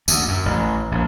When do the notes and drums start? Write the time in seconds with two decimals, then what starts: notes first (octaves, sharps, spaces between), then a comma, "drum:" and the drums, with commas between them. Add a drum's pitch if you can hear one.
0.08 D2, drum: tambourine
0.28 F#2
0.46 A1
0.92 A#1